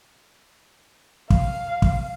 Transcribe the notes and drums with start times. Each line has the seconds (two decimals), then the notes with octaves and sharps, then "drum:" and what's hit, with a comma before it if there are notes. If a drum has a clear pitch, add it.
1.30 F5, drum: kick
1.82 drum: kick